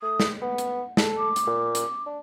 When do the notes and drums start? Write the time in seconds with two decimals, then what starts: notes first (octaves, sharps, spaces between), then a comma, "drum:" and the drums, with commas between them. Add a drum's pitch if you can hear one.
0.02 A3 D#6
0.20 drum: snare
0.42 B3 F#5
0.58 drum: hi-hat
0.97 A4, drum: snare
1.18 D6
1.36 drum: hi-hat
1.47 A#2
1.75 drum: hi-hat
2.06 D4